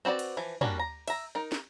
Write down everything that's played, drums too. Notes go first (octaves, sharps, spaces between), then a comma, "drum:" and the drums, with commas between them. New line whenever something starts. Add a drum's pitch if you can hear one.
C4 F#4 B4 D5
drum: cymbal
E3 F3
G3 A#3 C#4 D4 F#4, drum: tom
A#5
E5 A#5, drum: cymbal
D#4 A#4
drum: snare